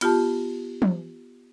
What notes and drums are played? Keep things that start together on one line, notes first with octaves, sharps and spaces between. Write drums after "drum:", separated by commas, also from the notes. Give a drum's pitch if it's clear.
B3 F4 G4 A5, drum: cymbal
drum: tom